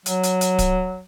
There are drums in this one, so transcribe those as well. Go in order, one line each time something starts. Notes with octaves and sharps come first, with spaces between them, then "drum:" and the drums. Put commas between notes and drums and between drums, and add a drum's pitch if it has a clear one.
F#3, drum: hi-hat
drum: hi-hat
drum: hi-hat
drum: kick D1, hi-hat